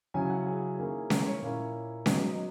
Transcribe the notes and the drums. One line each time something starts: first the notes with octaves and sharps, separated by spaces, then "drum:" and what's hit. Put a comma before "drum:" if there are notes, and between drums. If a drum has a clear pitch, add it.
C#3 F#3 C#4 E4 G#5
F#5
G#4
D#3 A#3 C#4 E4 G#4
A#4, drum: snare C#4
C#5
A#2 A#3 C#4 E4
F#3 B3 D#4 D#5, drum: snare C#4
D#5